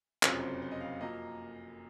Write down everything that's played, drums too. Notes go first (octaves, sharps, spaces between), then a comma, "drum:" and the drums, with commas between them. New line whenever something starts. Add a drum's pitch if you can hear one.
F#1 F2 C3 F#3 C#4 C5, drum: clap
C5
C5
D#5
F5
F#2 F3 A#3 D#5